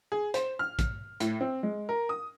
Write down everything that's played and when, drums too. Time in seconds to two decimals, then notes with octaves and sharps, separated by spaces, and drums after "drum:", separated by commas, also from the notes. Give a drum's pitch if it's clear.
0.12 G#4
0.34 C5, drum: hi-hat
0.59 F6
0.79 drum: kick, hi-hat
1.20 A2, drum: hi-hat
1.41 C4
1.63 G#3
1.89 A#4
2.09 D#6